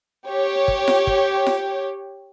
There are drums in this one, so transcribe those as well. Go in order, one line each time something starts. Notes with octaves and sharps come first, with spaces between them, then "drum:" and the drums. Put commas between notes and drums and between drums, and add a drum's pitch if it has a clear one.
G4 C#5
drum: kick
drum: snare F4
drum: kick
drum: snare F4